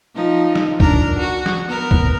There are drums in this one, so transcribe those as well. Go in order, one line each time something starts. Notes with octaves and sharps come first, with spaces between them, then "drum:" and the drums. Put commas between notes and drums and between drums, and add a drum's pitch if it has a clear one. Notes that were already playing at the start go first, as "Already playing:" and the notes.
F3 D#4
drum: snare
D4 A#4, drum: kick
F#4
drum: snare
B3 A#4
drum: kick